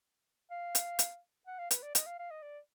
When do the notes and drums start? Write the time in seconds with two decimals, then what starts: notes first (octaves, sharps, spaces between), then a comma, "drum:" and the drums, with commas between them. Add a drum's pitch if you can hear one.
0.51 F5
0.75 drum: hi-hat
0.99 drum: hi-hat
1.47 F#5
1.59 F5
1.71 B4, drum: hi-hat
1.83 D5
1.95 D#5, drum: hi-hat
2.06 F5
2.19 F5
2.31 D#5
2.42 D5